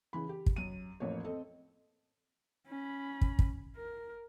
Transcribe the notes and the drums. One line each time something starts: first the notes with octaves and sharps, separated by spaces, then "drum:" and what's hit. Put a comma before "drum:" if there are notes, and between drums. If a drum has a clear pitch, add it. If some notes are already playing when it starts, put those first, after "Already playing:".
C#3 E3 B5
G4
drum: kick
F#2 D#7
A1 F2 A#3 C#5
C4 A4 D#5
C#4 B5
drum: kick
drum: kick
A#4